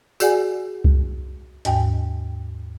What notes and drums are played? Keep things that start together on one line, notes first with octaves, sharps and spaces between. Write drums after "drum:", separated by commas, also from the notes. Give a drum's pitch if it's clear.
F#4 G#4 D5 F#5 G#5, drum: tambourine
drum: kick C2
D#2 G#2 G5, drum: hi-hat